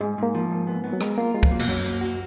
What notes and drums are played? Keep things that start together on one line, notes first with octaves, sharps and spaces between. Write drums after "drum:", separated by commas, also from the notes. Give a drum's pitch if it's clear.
G#2 G#3
G#2 A#3
F3
G#2
B3
B3
F#3
G#3 A#4, drum: rim click
A#3 F4
G#3 F4
F3, drum: kick
F#3 A#3
B2, drum: cymbal
F#2 F#3
A#3
F#4